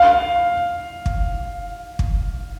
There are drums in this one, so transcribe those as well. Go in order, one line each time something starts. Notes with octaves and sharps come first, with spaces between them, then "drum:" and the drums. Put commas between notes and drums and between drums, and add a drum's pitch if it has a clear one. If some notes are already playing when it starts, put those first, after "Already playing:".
Already playing: F5
drum: kick
drum: kick